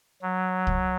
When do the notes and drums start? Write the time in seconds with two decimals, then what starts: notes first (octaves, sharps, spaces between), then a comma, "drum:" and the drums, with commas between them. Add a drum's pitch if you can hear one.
0.22 F#3
0.67 drum: kick C2